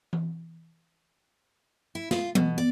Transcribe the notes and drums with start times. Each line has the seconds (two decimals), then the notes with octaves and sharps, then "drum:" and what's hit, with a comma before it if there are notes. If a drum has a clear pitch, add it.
0.13 drum: tom E3
1.95 E4
2.11 F4, drum: snare
2.35 B2, drum: tom E3
2.58 D5